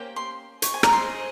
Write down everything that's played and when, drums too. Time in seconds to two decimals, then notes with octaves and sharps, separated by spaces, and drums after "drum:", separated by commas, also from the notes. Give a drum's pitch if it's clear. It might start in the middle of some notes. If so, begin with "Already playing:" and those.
Already playing: A#3 C#4 G4 C5 G5
0.16 C6
0.62 G#4 C5 D#5 C#6, drum: hi-hat
0.74 G#5
0.83 A#5, drum: rim click
0.93 C6